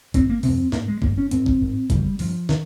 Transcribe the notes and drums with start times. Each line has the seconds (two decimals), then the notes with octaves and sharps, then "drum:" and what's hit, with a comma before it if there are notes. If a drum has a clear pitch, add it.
0.14 G2 C4, drum: kick G1, hi-hat
0.30 A#3
0.43 F2 C3 C4, drum: open hi-hat
0.72 G#2 A#3, drum: snare
0.88 G#3
1.02 G2 A#3, drum: kick G1
1.18 C#4
1.31 G#2 C4, drum: hi-hat
1.46 drum: kick G1
1.61 G#2
1.90 F2 C#3 G3, drum: kick G1, hi-hat
2.19 G2 F3, drum: open hi-hat
2.49 D#3, drum: snare